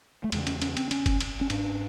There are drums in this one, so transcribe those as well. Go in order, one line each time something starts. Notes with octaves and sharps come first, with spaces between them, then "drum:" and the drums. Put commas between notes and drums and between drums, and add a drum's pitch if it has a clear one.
A3
E2 C#3 G#3, drum: cymbal
C#4, drum: cymbal
C#4, drum: cymbal
C4, drum: cymbal
C#4, drum: cymbal
drum: kick F#1, cymbal
drum: cymbal
C#4
G#2 D4, drum: cymbal